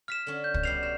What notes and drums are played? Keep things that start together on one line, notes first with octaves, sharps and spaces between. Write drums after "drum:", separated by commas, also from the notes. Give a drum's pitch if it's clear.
F5 F6 B6 E7
D3 C#4
G6
drum: kick
B2 G3 C7 F7
F#4 E7